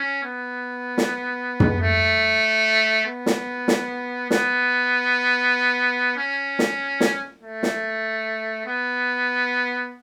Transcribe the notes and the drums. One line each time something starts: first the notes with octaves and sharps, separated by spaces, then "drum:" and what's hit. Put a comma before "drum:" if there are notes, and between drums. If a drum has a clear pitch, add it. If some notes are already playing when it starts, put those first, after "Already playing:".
Already playing: C#4
B3
drum: snare
drum: tom
A3
B3
drum: snare
drum: snare
B3, drum: snare
C#4
drum: snare
drum: snare
A3
drum: snare
B3